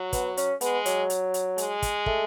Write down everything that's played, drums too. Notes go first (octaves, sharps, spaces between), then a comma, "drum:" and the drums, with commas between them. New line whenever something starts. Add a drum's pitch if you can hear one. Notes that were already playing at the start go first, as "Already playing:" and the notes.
Already playing: F#3
B3, drum: kick, hi-hat
C#4, drum: hi-hat
G#3 B3, drum: hi-hat
F#3, drum: hi-hat
drum: hi-hat
drum: hi-hat
G#3, drum: hi-hat
drum: kick, hi-hat
A3, drum: kick